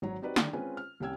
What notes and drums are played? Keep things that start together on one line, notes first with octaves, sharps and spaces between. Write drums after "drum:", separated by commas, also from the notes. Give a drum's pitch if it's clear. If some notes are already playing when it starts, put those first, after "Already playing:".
G#1 F#3 C#5 A#5
C4 D#4 F#4 G4 B4 D5
D3 D#3 G3 D4 D5, drum: snare
G#3 C4 C#4 F4 B4 G#5
F6
C2 G3 C#4 G5 E6 G#6